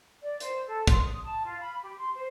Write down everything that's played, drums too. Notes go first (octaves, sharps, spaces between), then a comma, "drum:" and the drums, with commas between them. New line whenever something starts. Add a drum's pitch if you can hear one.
D5
C5, drum: hi-hat
A4
C6, drum: kick, hi-hat
D#6
A5
F4
B5
G4
C6
C5